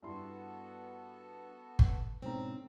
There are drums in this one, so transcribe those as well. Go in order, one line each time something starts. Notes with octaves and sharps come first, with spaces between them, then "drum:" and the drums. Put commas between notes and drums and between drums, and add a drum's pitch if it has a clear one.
G2 B3 E4 F#4 A4 C6
drum: kick G1
G#2 B2 D3 C4 C#4 A#5